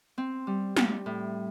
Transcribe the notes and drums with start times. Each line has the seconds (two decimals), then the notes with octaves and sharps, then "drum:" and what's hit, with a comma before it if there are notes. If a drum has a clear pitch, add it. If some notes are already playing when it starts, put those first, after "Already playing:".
0.18 C4
0.47 G3
0.77 G3, drum: snare
1.06 A2